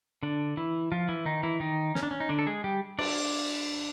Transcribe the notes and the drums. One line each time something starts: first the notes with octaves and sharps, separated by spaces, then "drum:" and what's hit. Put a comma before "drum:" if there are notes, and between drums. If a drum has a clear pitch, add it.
D3 D4
E3 E4
F3 F4
E3 E4
D#3 D#4
E3 E4
D#3 D#4
C#4, drum: snare
D4
C#4
D#4
D3 D4
A4
G#3 G#4
G3 G4
D4 D5, drum: cymbal